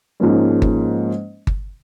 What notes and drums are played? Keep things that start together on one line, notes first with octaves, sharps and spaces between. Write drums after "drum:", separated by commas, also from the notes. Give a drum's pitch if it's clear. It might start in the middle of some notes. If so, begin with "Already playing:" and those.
G#2 F3 A#3 C#4
drum: kick G1
drum: kick G1